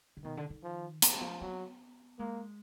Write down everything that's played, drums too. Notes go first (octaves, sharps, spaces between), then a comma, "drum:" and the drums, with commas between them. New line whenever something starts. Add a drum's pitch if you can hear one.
D3
B2 D#3
D3
D#3
F3
D#3, drum: hi-hat
F3
F#3 B3
G#3 A#3